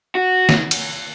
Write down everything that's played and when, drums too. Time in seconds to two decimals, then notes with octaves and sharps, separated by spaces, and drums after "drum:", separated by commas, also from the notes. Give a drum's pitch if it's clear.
0.15 F#4
0.49 drum: snare
0.71 drum: cymbal